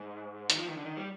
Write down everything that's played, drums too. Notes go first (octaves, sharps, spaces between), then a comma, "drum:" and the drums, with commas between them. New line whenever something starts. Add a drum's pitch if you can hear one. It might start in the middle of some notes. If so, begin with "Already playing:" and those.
Already playing: G#2
D#3, drum: hi-hat
F3
D#3
D3
D#3
G3